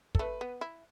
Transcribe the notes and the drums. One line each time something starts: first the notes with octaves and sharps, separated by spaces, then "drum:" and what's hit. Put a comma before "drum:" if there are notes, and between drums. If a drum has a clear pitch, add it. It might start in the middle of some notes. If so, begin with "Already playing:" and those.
A4, drum: kick
A3 B4
B3
E4